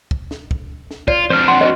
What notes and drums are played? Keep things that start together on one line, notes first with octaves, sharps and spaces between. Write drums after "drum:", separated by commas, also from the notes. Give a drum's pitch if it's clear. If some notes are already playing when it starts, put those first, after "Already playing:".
drum: kick
drum: snare
drum: kick
drum: snare
F4 D5, drum: kick
F2 D4 C5 F6
F#5 C6
F#4 B4 D#5